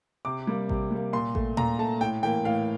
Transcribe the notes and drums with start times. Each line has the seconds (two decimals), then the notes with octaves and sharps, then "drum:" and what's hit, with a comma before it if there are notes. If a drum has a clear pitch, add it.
0.25 C3 D6
0.47 G3 A#3
0.69 C3, drum: kick A1
0.91 G3 A#3
1.13 A#2 C6
1.35 A3, drum: kick A1
1.57 A#2 A#5, drum: tom A#2
1.79 A3 A5
2.01 A2 G5
2.23 E3 A#3 G5
2.45 A2 F5